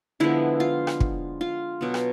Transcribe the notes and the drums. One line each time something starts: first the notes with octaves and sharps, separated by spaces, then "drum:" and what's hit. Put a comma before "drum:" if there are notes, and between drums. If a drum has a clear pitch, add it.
D3 F3 G#3 B3 E4
F4
drum: rim click
drum: kick
F4
B2 F#3 B3
drum: rim click